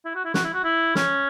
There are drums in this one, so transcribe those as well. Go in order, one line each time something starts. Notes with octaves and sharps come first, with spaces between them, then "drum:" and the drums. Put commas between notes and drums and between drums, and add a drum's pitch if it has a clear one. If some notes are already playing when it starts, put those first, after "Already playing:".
E4
F#4
E4
F#4, drum: snare
E4
F#4
E4
C#4, drum: snare